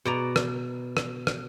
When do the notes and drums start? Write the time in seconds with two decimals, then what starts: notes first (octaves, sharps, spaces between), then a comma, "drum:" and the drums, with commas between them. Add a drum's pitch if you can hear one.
0.05 B2 D5 A#5
0.36 drum: rim click
0.97 drum: rim click
1.27 drum: rim click